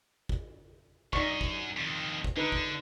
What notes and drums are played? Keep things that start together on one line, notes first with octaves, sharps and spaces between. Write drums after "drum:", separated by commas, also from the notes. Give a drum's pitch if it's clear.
drum: kick
F#2 D#4 D5 C#6, drum: kick
drum: kick
F2 D#3
drum: kick
D3 D#4 B4
drum: kick